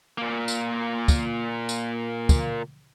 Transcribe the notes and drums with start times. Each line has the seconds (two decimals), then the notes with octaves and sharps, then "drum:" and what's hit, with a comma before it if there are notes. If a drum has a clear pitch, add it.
0.18 A#2 A#3
0.48 drum: tambourine
1.08 drum: kick, tambourine
1.69 drum: tambourine
2.29 drum: kick, tambourine